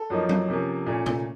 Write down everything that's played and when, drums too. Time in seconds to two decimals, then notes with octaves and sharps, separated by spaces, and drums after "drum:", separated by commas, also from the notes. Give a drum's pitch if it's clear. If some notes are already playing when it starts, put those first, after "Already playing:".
Already playing: A4
0.10 F#2 F3 A#3 D#4
0.29 drum: tom F#3
0.48 C3 F3 A#3 C#4
0.87 A#2 A3 C#4
1.06 drum: tom